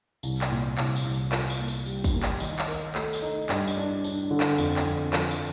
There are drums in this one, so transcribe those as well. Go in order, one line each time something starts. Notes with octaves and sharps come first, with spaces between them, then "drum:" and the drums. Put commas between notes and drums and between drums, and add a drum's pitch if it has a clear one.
C2, drum: tambourine
drum: clap
A#2
C2, drum: clap
drum: tambourine
C2
drum: tambourine
F4, drum: clap
drum: tambourine
A#3
drum: tambourine
G3, drum: tambourine
drum: kick, tambourine
A#3
drum: clap
D#3, drum: tambourine
drum: clap
A#4
A3, drum: clap
drum: tambourine
D#4
G2, drum: clap
drum: tambourine
D4
D4, drum: tambourine
D3
drum: clap
F2, drum: tambourine
drum: clap
F2
F3, drum: clap
drum: tambourine